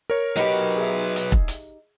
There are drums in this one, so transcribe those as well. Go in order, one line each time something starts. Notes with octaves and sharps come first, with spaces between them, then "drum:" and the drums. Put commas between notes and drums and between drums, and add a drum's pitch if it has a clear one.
A#4 C#5
F#3 D#4 G4 B4
G#4 E5
drum: hi-hat
drum: kick E1
drum: hi-hat